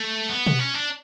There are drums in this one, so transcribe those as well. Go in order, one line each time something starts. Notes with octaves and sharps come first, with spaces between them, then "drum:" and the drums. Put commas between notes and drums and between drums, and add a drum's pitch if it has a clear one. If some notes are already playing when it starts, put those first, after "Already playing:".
Already playing: A3
B3
drum: tom B2
C#4
D4